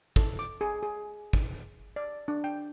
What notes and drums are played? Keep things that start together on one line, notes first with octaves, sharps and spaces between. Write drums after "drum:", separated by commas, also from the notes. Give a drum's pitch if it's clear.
A4, drum: kick
D6
G#4
G#4
drum: kick
D5
D4
G5